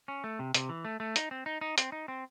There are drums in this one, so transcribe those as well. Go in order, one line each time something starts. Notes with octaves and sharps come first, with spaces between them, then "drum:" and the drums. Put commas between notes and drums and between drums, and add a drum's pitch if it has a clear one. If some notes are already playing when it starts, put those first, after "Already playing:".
C#4
A3
C3
C3, drum: hi-hat
E3
A3
A3
D#4, drum: hi-hat
C4
D#4
D#4
C4, drum: hi-hat
D#4
C4